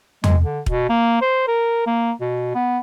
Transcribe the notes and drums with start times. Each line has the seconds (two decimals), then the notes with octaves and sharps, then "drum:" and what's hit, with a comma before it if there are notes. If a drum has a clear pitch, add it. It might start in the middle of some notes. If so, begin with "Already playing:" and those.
0.24 G#3, drum: tom E2
0.43 D3
0.66 B2, drum: kick
0.89 A#3
1.21 C5
1.48 A#4
1.86 A#3
2.20 B2
2.55 B3